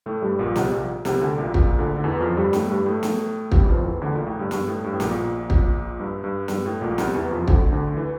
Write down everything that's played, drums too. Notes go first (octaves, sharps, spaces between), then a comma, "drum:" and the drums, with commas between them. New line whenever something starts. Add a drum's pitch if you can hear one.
A2 A3
G2 G3
A#1 A#2
C2 C3, drum: snare
A#1 A#2
C2 C3, drum: snare
D2 D3
A#1 A#2
A#1 A#2, drum: kick
D2 D3
D3
E2 E3
F2 F3
G2 G3
A2 A3, drum: snare
G2 G3
A2 A3
drum: snare
G2 G3, drum: kick
E3
F2 F3
E2 E3
D2 D3
A#1 A#2
A2
G2
G2, drum: snare
A2
G2
A2
A#1 A#2, drum: snare
drum: kick
G2
G2
G2, drum: snare
A2
A#1 A#2
C2 C3, drum: snare
E2 E3
F2 F3
D2 D3, drum: kick
D2 D3
E3